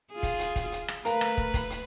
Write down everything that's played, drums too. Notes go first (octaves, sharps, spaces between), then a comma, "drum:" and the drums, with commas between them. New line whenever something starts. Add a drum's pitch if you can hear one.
F4 G#4
drum: kick, hi-hat
drum: hi-hat
drum: kick, hi-hat
drum: hi-hat
drum: rim click
A3 A#4 B4 F5 A#5, drum: hi-hat
drum: rim click
drum: kick
drum: kick, hi-hat
drum: hi-hat